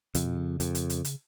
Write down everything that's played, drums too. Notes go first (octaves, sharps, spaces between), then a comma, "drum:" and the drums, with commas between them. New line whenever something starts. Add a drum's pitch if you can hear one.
F2 C#3, drum: hi-hat
B2
C#3
F2, drum: hi-hat
drum: hi-hat
drum: hi-hat
drum: hi-hat